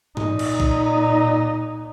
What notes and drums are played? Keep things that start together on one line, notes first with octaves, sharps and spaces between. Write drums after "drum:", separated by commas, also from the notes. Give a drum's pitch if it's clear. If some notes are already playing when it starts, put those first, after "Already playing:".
A#2 D#4, drum: tom G#2
drum: cymbal
drum: kick